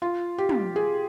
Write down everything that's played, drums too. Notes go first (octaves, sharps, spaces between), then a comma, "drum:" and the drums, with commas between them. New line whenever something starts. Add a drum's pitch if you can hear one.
F4
G4
drum: tom
G#4